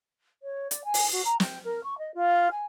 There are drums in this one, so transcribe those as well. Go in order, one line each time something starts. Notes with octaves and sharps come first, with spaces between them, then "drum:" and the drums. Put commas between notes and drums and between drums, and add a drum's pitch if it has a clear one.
C#5
D5, drum: hi-hat
G#5
drum: open hi-hat
F#4
A#5
G5, drum: snare
A#4
C#6
D#5
F4
G#5